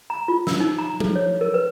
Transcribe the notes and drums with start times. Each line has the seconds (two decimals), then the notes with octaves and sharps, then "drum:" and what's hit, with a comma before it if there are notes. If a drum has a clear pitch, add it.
0.10 A#5
0.28 F4
0.47 E6, drum: snare
0.60 D#4
0.78 A#5
1.00 A4, drum: tom F3
1.16 C#5
1.41 A#4
1.54 B4